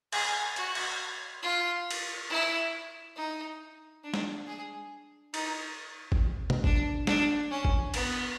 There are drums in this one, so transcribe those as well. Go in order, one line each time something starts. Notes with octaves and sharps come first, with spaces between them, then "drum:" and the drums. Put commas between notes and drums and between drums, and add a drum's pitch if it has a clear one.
G#4, drum: cymbal
F#4, drum: hi-hat
drum: cymbal
F4
drum: cymbal
E4
D#4
D4
drum: snare
G#4
D#4, drum: cymbal
drum: kick G#1
drum: tom
D4, drum: kick G#1
D4, drum: snare
C#4
drum: kick G#1
B3, drum: cymbal